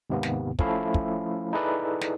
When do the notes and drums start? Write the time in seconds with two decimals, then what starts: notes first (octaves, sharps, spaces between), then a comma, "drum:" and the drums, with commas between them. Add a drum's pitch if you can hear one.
0.10 D#2 G#2 C3 A#3 B3
0.23 drum: snare
0.59 F3 A3 C#4 E4 A4 F5, drum: kick
0.94 drum: kick
1.53 D#4 E4 G#4 A4 B4 D5
2.01 drum: snare